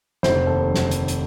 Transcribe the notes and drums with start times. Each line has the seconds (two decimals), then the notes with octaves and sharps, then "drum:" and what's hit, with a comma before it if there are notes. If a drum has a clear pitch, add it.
0.23 F1 C5, drum: snare
0.46 D#2 A4
0.74 drum: snare
0.91 drum: hi-hat
1.08 drum: hi-hat